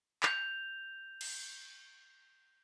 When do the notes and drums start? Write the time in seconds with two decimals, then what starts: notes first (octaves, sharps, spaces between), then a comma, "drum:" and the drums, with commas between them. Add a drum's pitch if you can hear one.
0.23 G6 F7, drum: clap
1.21 drum: cymbal